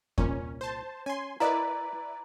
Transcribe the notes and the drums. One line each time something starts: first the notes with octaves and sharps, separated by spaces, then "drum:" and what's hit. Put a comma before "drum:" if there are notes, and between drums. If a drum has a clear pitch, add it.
C2 A#2 C#4, drum: kick E2
C5 A5
C#4 G#5 C6
E4 A#4 B4 D5 D#5 F5 A#5